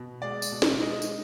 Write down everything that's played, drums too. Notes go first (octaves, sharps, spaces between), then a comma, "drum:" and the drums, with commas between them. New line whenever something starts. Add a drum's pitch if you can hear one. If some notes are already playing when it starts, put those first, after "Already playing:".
Already playing: B2
G#3 D5
drum: tambourine
B2
drum: snare
G#3 D#5
drum: tambourine